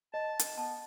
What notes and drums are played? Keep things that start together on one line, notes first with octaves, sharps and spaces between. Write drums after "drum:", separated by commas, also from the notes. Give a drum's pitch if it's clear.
D#5 A5
drum: hi-hat
B3 A5